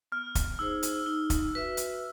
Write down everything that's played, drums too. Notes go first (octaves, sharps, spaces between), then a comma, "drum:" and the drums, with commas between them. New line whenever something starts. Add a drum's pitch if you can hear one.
B3 F6
drum: kick, hi-hat
D#4 G#4 C5 E6
drum: hi-hat
D#4
drum: kick, hi-hat
F#4 B4 E5
drum: hi-hat